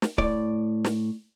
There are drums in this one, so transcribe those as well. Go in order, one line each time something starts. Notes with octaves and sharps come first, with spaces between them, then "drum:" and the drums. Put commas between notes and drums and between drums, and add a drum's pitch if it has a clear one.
drum: snare
A2 D5, drum: kick C#1
drum: snare